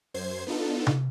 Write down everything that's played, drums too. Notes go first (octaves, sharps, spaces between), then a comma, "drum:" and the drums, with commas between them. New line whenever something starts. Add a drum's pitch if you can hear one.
F#2 C5 G#6 C7
B3 D4 D#4 F4 A4
drum: tom C3